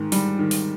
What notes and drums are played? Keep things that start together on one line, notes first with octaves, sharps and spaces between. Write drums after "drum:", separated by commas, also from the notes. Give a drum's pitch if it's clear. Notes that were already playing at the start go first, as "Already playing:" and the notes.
Already playing: G#2 D#3
G3, drum: open hi-hat
D#3
drum: open hi-hat